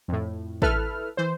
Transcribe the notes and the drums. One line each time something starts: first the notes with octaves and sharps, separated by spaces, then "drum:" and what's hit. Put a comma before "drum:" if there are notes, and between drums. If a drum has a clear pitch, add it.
F2 A2
E4 A4 B4 E5 F6, drum: kick
E3 C5